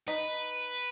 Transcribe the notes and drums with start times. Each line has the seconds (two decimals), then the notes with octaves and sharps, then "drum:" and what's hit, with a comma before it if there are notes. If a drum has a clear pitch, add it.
0.08 D#4 B4, drum: hi-hat
0.61 drum: hi-hat